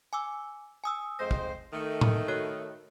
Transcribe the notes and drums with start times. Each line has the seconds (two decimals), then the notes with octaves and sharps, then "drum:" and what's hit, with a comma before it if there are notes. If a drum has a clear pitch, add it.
0.13 G#5 D6 E6
0.84 G#5 D#6 E6
1.19 F2 G#3 C5 A#6
1.31 drum: kick
1.72 D#3 A3
2.01 drum: tom A2
2.28 F#4 C#5 F#6